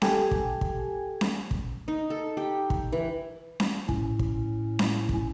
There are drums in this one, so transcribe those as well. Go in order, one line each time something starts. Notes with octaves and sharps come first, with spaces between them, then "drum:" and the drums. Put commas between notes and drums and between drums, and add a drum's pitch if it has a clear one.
G4 A4 G#5, drum: snare C#4
drum: kick
drum: kick
drum: snare C#4
drum: kick
D#4
A4
G4
drum: kick
E3
drum: snare C#4
A2 C#4, drum: kick
drum: kick
drum: snare C#4
drum: kick